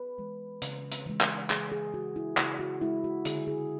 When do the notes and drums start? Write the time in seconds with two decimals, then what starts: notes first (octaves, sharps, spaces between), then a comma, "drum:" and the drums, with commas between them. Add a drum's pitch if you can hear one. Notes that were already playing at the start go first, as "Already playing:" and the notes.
Already playing: B4
0.18 E3 G#3
0.62 C#3, drum: hi-hat
0.92 drum: hi-hat
1.06 E3 G#3
1.21 drum: clap
1.50 C#3 G#4, drum: clap
1.72 G#4
1.94 G#3 F#4
2.16 E4
2.37 C#3 E4, drum: clap
2.59 F#4
2.81 G#3 E4
3.04 F#4
3.25 D3 G#4, drum: hi-hat
3.47 G#4